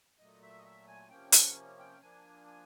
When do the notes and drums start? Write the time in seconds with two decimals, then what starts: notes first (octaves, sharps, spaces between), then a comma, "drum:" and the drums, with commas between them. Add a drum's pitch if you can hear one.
0.19 A#2 F#3 A3 D#5
0.42 E5
0.58 D#5
0.65 E5
0.87 G#5
1.10 C3 F3 A#3 C#4 G5
1.32 F#5, drum: hi-hat
1.78 G5
2.01 F3 A#3 D4 G#5
2.46 G#5